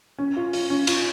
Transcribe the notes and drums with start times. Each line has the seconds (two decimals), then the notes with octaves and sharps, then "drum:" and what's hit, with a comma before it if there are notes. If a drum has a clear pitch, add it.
0.18 C#4
0.36 F4
0.53 F4, drum: open hi-hat
0.70 C#4
0.87 F4, drum: cymbal